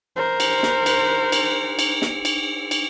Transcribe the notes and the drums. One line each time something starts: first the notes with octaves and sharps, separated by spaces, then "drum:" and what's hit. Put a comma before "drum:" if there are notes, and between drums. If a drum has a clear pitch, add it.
A#4 C5
drum: cymbal
drum: snare
drum: cymbal
drum: cymbal
drum: cymbal
drum: snare
drum: cymbal
drum: cymbal